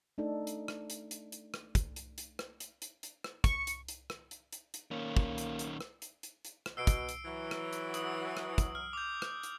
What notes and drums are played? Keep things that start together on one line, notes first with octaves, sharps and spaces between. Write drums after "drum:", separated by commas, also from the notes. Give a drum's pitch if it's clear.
A3 D4 D#4 A4
drum: hi-hat
drum: rim click
drum: hi-hat
drum: hi-hat
drum: hi-hat
drum: rim click
drum: kick, hi-hat
drum: hi-hat
drum: hi-hat
drum: rim click
drum: hi-hat
drum: hi-hat
drum: hi-hat
drum: rim click
C#6, drum: kick, hi-hat
drum: hi-hat
drum: hi-hat
drum: rim click
drum: hi-hat
drum: hi-hat
drum: hi-hat
D#3 A#3 C#4
drum: kick
drum: hi-hat
drum: hi-hat
drum: rim click
drum: hi-hat
drum: hi-hat
drum: hi-hat
drum: rim click
B2 E6 C7 D7
drum: kick, hi-hat
drum: hi-hat
E3 F#3
drum: rim click
drum: hi-hat
D#6, drum: hi-hat
drum: rim click
drum: kick, hi-hat
F6
D6 G6
drum: rim click
drum: hi-hat